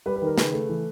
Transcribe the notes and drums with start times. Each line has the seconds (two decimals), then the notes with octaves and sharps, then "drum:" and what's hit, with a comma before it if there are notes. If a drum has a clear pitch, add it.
0.06 G3 B4
0.16 B4
0.22 D#3 A#4
0.38 C#3 B4, drum: snare
0.53 A3
0.69 E3